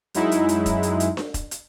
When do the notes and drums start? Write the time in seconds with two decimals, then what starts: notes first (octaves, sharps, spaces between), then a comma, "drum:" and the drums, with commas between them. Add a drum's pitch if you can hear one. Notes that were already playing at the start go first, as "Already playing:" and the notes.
0.14 F#2 F#3 G#3 D#4 E4, drum: hi-hat
0.32 drum: hi-hat
0.49 drum: hi-hat
0.66 drum: kick E1, hi-hat
0.83 drum: hi-hat
1.00 drum: hi-hat
1.17 drum: snare D4
1.34 drum: kick E1, hi-hat
1.51 drum: hi-hat